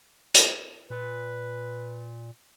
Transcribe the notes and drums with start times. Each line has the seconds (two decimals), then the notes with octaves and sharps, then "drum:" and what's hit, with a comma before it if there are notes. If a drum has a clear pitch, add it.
0.34 drum: hi-hat
0.90 A#2 B4